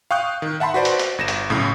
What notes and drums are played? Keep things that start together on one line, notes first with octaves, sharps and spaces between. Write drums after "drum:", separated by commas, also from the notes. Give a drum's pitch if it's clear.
F5 G5 C#6 D#6 F#6 G6
D#3
E5 F#5 A5 B5 C6
F#4 B4 C5 D5
drum: hi-hat
drum: hi-hat
G1 A#6 E7
drum: hi-hat
B1 A2 C#3